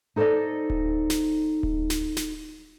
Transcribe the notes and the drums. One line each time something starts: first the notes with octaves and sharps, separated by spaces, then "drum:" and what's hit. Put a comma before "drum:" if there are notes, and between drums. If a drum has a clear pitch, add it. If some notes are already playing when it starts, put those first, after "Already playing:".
D#4 A4 C5 D5 D#5
drum: kick D1
drum: snare
drum: kick D1
drum: snare
drum: snare